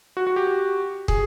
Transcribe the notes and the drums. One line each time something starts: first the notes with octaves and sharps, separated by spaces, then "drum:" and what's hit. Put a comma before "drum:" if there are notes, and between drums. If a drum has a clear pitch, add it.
F#4
F#4
G4
G4
G#4, drum: kick